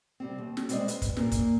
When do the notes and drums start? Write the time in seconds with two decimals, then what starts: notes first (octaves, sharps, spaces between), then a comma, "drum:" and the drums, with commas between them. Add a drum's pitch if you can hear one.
0.20 C3 G3 C4
0.38 D#2
0.57 drum: snare
0.69 G3 G#3 C4 G#4 D5 D#5, drum: hi-hat
0.88 B4, drum: hi-hat
1.02 drum: kick, hi-hat
1.17 A#2 A#3, drum: snare
1.32 drum: kick, hi-hat